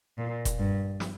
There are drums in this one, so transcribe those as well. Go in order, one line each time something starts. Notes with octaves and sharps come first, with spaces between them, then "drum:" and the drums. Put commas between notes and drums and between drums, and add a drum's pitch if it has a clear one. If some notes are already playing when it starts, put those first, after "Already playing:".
A#2
drum: kick F1, hi-hat
G2
drum: snare